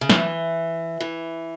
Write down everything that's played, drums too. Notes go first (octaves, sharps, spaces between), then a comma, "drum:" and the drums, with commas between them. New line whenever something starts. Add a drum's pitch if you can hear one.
C#3
E3, drum: snare
E3